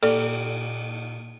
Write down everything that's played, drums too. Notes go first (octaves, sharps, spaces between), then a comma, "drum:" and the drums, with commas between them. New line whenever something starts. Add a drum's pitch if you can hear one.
A#2 G4 A4 D5, drum: cymbal